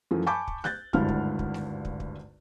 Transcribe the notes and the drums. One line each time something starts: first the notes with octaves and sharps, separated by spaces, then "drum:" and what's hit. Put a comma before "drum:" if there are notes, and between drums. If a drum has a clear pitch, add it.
F#2 E3 F3 A3
G#5 A5 B5 C#6 D6 G6
drum: kick
F#6 G6 A6, drum: snare A3
G#1 D2 G2 E4 F5 F6, drum: kick
drum: kick
drum: kick
drum: snare A3
drum: kick
drum: kick